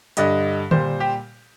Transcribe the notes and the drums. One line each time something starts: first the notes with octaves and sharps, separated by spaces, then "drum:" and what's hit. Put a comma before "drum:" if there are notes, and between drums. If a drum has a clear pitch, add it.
G2 D3 G3 D#5, drum: hi-hat
A#2 G3 C5, drum: tom D3
G4